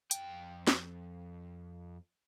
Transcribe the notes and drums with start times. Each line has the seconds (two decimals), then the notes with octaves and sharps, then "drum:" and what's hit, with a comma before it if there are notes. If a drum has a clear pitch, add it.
0.11 F2 G5, drum: hi-hat
0.67 drum: snare